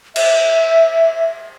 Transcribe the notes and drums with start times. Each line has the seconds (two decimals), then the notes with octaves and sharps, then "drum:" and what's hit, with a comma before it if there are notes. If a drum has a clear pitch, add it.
0.16 E5, drum: cymbal